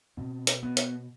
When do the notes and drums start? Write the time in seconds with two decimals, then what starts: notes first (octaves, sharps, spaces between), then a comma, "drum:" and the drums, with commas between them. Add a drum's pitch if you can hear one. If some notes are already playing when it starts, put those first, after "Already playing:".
0.17 B2 C4
0.47 drum: hi-hat
0.63 B3
0.77 drum: hi-hat